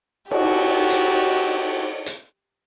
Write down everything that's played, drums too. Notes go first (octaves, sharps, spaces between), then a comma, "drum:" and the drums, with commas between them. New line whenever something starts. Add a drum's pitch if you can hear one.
F#4 G4, drum: cymbal
drum: hi-hat
drum: hi-hat